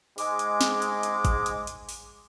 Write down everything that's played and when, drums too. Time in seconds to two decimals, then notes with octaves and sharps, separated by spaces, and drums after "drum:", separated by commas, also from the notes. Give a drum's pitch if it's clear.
0.18 G#2 G#3 D6, drum: open hi-hat
0.39 drum: hi-hat
0.61 drum: snare
0.82 drum: hi-hat
1.03 drum: hi-hat
1.25 drum: kick G#1, hi-hat
1.46 drum: hi-hat
1.67 drum: hi-hat
1.89 drum: open hi-hat